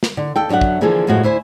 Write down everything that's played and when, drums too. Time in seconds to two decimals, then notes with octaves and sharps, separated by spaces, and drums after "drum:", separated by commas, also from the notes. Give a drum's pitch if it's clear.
0.03 drum: snare
0.17 D3
0.36 D#2 A4 G5
0.49 F#2 F#3 D4 E5 F#5
0.61 drum: kick
0.81 D3 E3 F3 A#3 G#4 A4
1.07 F#2 A2 F3 G#3 F#4
1.23 D2 E4 C5 G#5